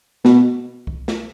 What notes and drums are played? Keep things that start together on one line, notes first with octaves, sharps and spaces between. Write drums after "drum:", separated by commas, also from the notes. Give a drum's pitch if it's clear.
B2, drum: snare
drum: kick C2
drum: snare